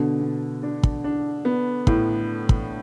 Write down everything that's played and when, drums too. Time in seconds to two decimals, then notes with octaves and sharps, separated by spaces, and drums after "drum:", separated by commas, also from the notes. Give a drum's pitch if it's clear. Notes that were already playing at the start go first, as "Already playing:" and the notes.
Already playing: B2 D3
0.21 B2
0.63 D4
0.83 drum: kick
1.04 D4
1.45 B3
1.87 A2, drum: kick
2.49 drum: kick